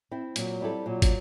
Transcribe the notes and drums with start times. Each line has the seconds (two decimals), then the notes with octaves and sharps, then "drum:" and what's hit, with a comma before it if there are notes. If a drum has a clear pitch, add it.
0.11 C4 E4
0.36 A#2 F#3, drum: hi-hat
0.61 G3 C4 E4 A4
0.86 A#2 F#3
1.02 drum: kick, hi-hat